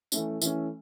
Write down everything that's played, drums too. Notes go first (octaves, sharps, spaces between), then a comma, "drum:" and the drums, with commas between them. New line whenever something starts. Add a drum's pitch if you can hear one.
E3 A3 C#4, drum: tambourine
E3 A3 C#4, drum: tambourine